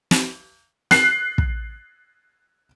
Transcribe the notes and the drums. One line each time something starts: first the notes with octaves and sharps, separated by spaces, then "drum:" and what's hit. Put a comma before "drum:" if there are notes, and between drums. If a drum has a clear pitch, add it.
drum: snare
F#6 C7, drum: snare
drum: kick